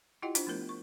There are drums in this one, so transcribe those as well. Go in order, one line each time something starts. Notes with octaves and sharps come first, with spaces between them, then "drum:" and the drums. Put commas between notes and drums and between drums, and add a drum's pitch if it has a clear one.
E4 F4 G4 D#5 F#5 G5
D4 F4 C5, drum: hi-hat
F3 A3 B3 A#4
C#6